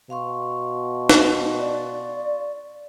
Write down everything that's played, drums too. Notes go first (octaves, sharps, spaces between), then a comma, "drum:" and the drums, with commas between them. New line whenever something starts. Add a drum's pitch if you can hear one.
B2 F5 C6 C#6
drum: snare
D5